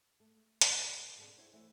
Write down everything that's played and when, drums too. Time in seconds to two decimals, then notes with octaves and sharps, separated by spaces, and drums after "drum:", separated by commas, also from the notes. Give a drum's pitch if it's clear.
0.20 A3
0.61 drum: hi-hat
0.81 A#2
1.18 B2 D3 A#3 C4 G#4
1.38 E4 F#4 C5 C#5
1.52 E3 A3 E4 C5